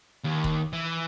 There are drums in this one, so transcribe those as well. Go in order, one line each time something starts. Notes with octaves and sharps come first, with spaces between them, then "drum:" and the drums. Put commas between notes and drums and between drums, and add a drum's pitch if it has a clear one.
D#2
drum: kick E1
E3